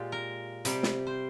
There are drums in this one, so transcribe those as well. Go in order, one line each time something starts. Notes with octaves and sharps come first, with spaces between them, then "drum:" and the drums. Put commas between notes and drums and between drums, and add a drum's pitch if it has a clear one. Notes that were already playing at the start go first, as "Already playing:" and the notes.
Already playing: A#2 G#3 F4 G4
A#4
C3 G3, drum: hi-hat
drum: snare
C5